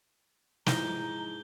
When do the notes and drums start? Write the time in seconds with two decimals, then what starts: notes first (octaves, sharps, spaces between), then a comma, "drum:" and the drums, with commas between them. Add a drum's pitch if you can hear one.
0.66 G#2 E3 F3 D#5 A#5 G6 G7, drum: snare